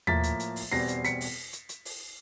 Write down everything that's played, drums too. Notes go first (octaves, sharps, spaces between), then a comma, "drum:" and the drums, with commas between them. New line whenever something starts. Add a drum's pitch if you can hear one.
A2 F3 A#3 A6 B6, drum: tom D#2
drum: hi-hat
drum: hi-hat
drum: open hi-hat
E2 B2 G3 C4 A#6 C7
drum: hi-hat
B6 C#7, drum: hi-hat
drum: open hi-hat
drum: hi-hat
drum: hi-hat
drum: open hi-hat